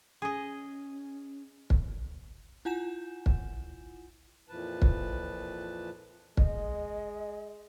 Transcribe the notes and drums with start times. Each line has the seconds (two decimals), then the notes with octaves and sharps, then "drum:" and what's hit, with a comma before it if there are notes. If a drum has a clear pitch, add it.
0.22 C#4 G#4 D#5
1.70 drum: kick
2.65 E4 F4 F#5 G#5 G6 E7
3.26 drum: kick
4.49 F2 A#2 E3 F3 B4 A5
4.82 drum: kick
6.37 G#3 D#5, drum: kick